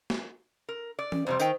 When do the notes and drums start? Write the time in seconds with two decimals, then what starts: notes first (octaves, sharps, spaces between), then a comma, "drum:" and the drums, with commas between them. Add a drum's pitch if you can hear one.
0.10 drum: snare
0.69 A#4
0.99 D5
1.12 C#4, drum: tom E3
1.27 F2 C3 G3 C5
1.40 D#3 G5, drum: tambourine